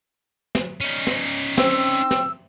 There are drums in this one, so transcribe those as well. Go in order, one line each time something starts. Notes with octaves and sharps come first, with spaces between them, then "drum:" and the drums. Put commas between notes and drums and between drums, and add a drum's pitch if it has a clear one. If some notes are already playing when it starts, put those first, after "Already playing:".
drum: snare
C#4 D#4
drum: snare
C4 E6, drum: snare
drum: snare